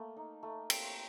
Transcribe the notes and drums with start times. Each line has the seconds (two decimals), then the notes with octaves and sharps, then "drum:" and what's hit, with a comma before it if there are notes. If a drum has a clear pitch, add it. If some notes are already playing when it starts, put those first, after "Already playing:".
Already playing: A3 A#3 A#4
0.17 D#4
0.43 A3
0.70 C4, drum: cymbal